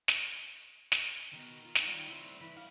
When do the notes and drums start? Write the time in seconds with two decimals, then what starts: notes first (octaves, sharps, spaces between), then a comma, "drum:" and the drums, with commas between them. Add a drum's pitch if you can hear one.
0.08 drum: snare
0.92 drum: snare
1.34 B2 D#3
1.65 F4
1.75 drum: snare
1.86 G3
2.09 C4 E4 C#5 F#5
2.41 E3 B5
2.56 D#3 E4 F5 F#5